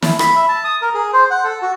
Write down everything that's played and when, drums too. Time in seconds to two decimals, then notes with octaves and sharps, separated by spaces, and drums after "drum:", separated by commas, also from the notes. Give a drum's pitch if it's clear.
0.02 E4, drum: snare
0.19 B5, drum: rim click
0.36 E5
0.48 A5
0.64 D#6
0.82 A#4
0.94 G#4
1.13 C5
1.30 F#5
1.44 A4
1.62 F#4